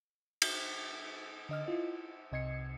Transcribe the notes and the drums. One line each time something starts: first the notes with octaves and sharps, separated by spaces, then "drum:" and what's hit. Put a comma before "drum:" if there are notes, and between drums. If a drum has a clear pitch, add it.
drum: cymbal
D3 D#5 F6
E4 F4 D#5
C2 C3 D#5 G#6 C7 C#7